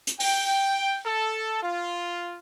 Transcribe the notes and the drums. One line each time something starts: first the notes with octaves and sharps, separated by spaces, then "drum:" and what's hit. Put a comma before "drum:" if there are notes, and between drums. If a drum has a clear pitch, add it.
drum: hi-hat
G5, drum: open hi-hat
A4
F4